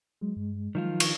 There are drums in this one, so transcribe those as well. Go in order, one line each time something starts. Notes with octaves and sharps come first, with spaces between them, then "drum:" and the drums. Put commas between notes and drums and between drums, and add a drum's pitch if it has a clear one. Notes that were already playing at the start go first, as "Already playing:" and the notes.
F#3 G#3
G2
D#3 F3 F#3 F4
C#6, drum: cymbal